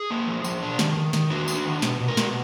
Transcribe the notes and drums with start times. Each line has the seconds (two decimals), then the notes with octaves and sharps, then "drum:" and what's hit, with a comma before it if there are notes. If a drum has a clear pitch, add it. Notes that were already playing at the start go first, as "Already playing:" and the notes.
Already playing: G#4
0.10 A#3
0.28 F3
0.44 F3, drum: tambourine
0.62 D4
0.79 D#3, drum: snare
0.97 D#3
1.13 D#3, drum: snare
1.30 D4 F#4
1.48 D4, drum: tambourine
1.65 D#3
1.82 B2, drum: snare
2.01 B2
2.08 A#4
2.17 B2, drum: snare